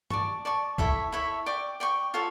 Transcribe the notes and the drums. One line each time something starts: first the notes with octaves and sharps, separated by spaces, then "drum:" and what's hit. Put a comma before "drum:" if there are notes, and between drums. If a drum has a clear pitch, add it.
D5 A5 C#6, drum: tom
D5 A5 C#6
E4 A4 C#5 E5, drum: kick
E4 A4 C#5 E5
D5 G5 C#6
D5 G5 C#6
F4 A4 C#5